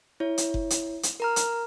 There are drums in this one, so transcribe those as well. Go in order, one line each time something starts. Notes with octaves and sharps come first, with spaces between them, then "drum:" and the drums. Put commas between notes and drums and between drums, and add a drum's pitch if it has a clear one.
E4 C#5
drum: hi-hat
drum: kick F#1
drum: hi-hat
drum: hi-hat
A#4 A#5 F6
drum: hi-hat